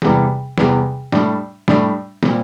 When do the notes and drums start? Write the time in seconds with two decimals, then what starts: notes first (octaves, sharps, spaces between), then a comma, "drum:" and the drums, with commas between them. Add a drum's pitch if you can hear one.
0.02 E2 C3 E3 G3, drum: snare
0.58 E2 C3 E3 G3, drum: snare
1.12 A2 G3 D4, drum: snare
1.68 A2 G3 D4, drum: snare
2.23 A#2 G3 C4, drum: snare